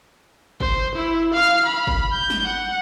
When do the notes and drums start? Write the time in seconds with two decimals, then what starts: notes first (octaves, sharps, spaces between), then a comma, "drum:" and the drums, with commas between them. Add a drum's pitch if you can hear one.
0.60 C5, drum: kick G1
0.95 E4
1.34 F5 F6
1.66 B5
1.87 drum: kick G1
2.13 G6
2.30 drum: snare
2.44 F#5